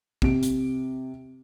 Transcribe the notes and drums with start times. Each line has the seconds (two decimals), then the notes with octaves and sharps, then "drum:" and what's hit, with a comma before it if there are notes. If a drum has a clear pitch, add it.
0.22 C3 D7, drum: kick
0.43 drum: hi-hat